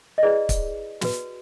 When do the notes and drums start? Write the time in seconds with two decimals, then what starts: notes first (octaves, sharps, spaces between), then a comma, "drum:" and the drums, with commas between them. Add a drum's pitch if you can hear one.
0.18 D#5
0.23 E4 G#4 B4 D5
0.49 drum: kick, hi-hat
1.01 F#4 B4, drum: snare